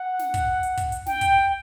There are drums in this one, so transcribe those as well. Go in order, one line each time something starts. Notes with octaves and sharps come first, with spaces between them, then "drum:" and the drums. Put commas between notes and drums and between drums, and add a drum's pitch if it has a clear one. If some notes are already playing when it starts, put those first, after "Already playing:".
Already playing: F#5
drum: snare
drum: kick, hi-hat
drum: hi-hat
drum: kick, hi-hat
drum: hi-hat
G5, drum: snare
drum: kick, hi-hat